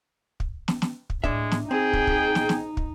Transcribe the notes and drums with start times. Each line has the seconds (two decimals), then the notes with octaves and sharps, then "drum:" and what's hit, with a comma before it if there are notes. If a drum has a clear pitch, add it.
0.40 drum: kick
0.68 drum: snare
0.82 drum: snare
1.10 drum: kick
1.24 A2 G#3 D4 E5, drum: kick
1.51 drum: snare
1.71 C4 D#4 G#4 G5
1.93 drum: kick
2.07 drum: kick
2.35 drum: snare
2.49 drum: snare
2.77 drum: kick